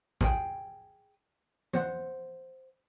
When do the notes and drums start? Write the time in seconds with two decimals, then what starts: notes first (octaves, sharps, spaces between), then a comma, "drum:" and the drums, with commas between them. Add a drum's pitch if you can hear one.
0.21 G#4 G5, drum: kick
1.73 C5 F#5, drum: tom